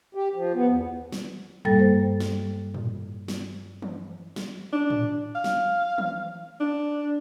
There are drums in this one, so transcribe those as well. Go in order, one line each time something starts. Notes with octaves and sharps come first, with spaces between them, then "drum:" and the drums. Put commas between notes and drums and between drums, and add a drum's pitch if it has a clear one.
G4
F3
B3
E2
drum: snare
G2 G3 A#3 A4 G5 A6, drum: tom G#2
A#3 C5
drum: snare
drum: tom A2
drum: snare
drum: tom E3
drum: snare
D4
drum: tom A2
F5
drum: snare
drum: tom E3
D4